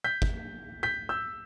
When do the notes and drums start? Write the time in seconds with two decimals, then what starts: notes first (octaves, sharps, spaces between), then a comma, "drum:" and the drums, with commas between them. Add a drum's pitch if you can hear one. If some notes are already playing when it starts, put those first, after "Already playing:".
0.04 G6 B6
0.22 drum: kick G1
0.83 G6 B6
1.09 E6 G6